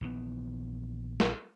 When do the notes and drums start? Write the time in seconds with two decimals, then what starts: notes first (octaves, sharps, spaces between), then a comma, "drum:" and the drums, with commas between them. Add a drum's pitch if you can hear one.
0.01 A#1 D#3 E3 B3
1.20 drum: snare